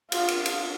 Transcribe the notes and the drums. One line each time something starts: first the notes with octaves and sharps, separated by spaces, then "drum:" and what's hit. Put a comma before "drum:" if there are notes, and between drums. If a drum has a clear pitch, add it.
F4, drum: cymbal
drum: cymbal
drum: cymbal